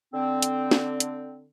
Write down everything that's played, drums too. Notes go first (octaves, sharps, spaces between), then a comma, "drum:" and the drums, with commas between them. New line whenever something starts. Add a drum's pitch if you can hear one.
D3 C4
drum: hi-hat
drum: snare
drum: hi-hat